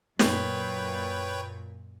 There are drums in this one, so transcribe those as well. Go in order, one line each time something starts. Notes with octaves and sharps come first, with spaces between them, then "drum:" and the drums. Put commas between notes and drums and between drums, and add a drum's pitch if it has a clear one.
F#2 A#2 B4 C#5 G5, drum: snare